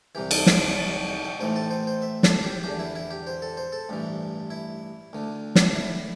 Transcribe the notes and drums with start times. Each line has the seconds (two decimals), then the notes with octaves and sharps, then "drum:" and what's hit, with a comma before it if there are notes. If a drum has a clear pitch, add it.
0.15 C2 C3 E3 G4
0.31 A4, drum: cymbal
0.46 C5, drum: snare
0.78 A5
0.93 G5
1.08 G5
1.25 G5
1.40 A1 A2 E3 C5
1.56 A4
1.70 C5
1.87 C5
2.02 E5
2.23 A4, drum: snare
2.43 G4
2.64 E2 D3 G4
2.79 E4
2.95 E4
3.11 G4
3.27 C5
3.42 A4
3.57 C5
3.73 A4
3.89 A1 G2 E3
4.50 E4
5.13 D2 D3
5.55 drum: snare
5.75 E4